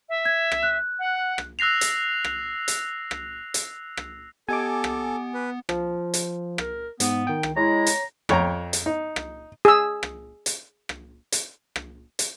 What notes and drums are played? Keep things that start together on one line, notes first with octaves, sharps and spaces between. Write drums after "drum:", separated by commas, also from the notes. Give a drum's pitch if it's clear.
E5
G#6
drum: rim click
F#6
F#5
drum: rim click
E6 F#6 A#6 C7 F7
drum: hi-hat
drum: rim click
drum: hi-hat
drum: rim click
drum: hi-hat
drum: rim click
B3 G4 A4 D#5 G#5 D6
drum: rim click
B4
F3, drum: rim click
drum: hi-hat
A#4, drum: rim click
G#2 B3, drum: hi-hat
D#3 G5
drum: rim click
G#3 E4 C#5 A#5
drum: hi-hat
F2 C#5 G5 A#5, drum: rim click
drum: hi-hat
D#4
drum: rim click
G#4 E6
drum: rim click
drum: hi-hat
drum: rim click
drum: hi-hat
drum: rim click
drum: hi-hat